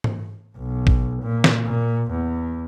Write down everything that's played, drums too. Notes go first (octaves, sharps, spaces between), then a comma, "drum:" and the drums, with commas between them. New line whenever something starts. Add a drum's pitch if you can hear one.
drum: tom G#2
B1
drum: kick
A#2
drum: snare
A#2
E2